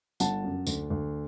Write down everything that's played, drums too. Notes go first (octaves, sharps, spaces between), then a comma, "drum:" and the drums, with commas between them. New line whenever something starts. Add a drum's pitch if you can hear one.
G1 F#5 A5, drum: tambourine
F#2
D2, drum: tambourine
D2